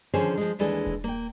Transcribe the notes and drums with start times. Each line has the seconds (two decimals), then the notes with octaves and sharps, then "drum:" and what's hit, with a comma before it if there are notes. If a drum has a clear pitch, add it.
0.14 D3 D#3 F3 C#4 G#4 C5
0.37 F3 G#3
0.59 D#2 E3 G#3 D4 A4
0.69 drum: hi-hat
0.86 drum: kick D#1, hi-hat
1.04 A#3 G5